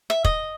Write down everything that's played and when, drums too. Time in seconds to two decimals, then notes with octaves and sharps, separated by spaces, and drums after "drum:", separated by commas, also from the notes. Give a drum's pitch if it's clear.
0.10 E5
0.24 D#5, drum: kick